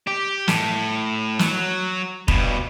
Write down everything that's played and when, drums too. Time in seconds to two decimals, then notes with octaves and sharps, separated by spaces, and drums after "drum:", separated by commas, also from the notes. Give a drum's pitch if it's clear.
0.07 G4
0.48 A2, drum: snare
1.39 F#3, drum: snare
2.28 G2 B2, drum: kick F1